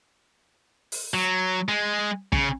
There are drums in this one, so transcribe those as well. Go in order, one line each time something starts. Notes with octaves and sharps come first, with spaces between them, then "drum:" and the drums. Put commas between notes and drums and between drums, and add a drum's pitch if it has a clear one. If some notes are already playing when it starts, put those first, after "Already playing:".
drum: open hi-hat
F#3
G#3
C#3, drum: kick